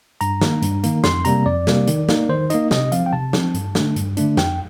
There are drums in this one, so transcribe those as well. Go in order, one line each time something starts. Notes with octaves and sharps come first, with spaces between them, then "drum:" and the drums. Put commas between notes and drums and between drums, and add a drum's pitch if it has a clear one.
G2 A#5, drum: hi-hat
D#3 A#3, drum: snare
G2, drum: hi-hat
D#3 A#3, drum: hi-hat
F2 C6, drum: snare
C3 G3 A#3 A#5, drum: hi-hat
F2 D5
C3 G3 A#3, drum: snare
D#3, drum: hi-hat
A#3 D#4, drum: snare
D#3 C5
A#3 D#4 D#5, drum: hi-hat
C3 D#5, drum: snare
F3 C4 F5, drum: hi-hat
G5
C3 A5
F3 C4, drum: snare
G2, drum: hi-hat
D3 A3 D4, drum: snare
G2, drum: hi-hat
D3 A3 D4, drum: hi-hat
F2 G5, drum: snare